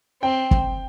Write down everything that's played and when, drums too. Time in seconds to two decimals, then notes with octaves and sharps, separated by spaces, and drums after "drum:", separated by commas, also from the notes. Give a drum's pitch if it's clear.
0.22 C4 G5
0.51 drum: kick